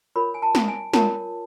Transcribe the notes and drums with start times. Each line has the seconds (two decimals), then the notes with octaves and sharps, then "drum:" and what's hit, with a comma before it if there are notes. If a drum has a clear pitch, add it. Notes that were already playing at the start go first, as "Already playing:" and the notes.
0.16 F4 A#4 C#5 B5
0.34 G#5
0.42 A5
0.55 drum: snare
0.68 G#5
0.93 F4 A#4 C#5 A5, drum: snare